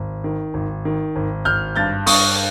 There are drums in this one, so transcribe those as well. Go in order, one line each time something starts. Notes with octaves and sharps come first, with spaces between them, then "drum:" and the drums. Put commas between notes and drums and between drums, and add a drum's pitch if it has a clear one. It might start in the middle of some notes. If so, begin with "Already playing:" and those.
Already playing: G#1
D#3
G#1
D#3
G#1
G#1 F6 G6
G2 G6 A6
G2 C#6 D#6, drum: open hi-hat